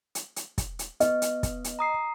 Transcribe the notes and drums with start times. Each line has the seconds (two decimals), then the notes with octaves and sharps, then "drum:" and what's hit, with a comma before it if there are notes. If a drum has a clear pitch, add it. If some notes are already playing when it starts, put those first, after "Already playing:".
0.15 drum: hi-hat
0.36 drum: hi-hat
0.58 drum: kick, hi-hat
0.79 drum: hi-hat
1.00 B3 D#5, drum: hi-hat
1.22 drum: hi-hat
1.43 drum: kick, hi-hat
1.64 drum: hi-hat
1.79 A#5 D#6 C7